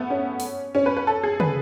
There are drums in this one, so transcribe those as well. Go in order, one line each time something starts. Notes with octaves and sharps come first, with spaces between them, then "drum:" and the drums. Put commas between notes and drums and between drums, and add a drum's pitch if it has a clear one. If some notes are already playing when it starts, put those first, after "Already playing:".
Already playing: A3 B3
C#4
drum: open hi-hat
C#4
B4
B4
A4
G#4
B4, drum: tom